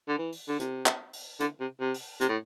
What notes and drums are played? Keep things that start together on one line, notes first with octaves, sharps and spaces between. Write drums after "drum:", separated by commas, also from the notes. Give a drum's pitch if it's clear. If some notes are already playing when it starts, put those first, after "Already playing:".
D3
E3
drum: open hi-hat
D3
C3, drum: hi-hat
drum: clap
drum: open hi-hat
D3, drum: hi-hat
C3
C3
drum: open hi-hat
C3, drum: hi-hat
A2